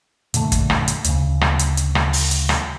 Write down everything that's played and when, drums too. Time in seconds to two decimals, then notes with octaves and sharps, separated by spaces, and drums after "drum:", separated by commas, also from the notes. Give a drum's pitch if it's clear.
0.34 F#2 A#2 D3 A3, drum: hi-hat
0.52 drum: kick, hi-hat
0.70 drum: rim click
0.88 drum: hi-hat
1.04 D2 C#3, drum: hi-hat
1.41 drum: rim click
1.59 drum: hi-hat
1.77 drum: hi-hat
1.95 drum: rim click
2.13 drum: open hi-hat
2.31 drum: hi-hat
2.49 drum: rim click